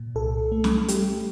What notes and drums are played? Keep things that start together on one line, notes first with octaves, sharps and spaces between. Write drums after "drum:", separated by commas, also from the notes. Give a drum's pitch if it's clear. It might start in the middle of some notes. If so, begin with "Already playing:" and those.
Already playing: A#2
C2 A4
A3
drum: snare
G3 G4, drum: hi-hat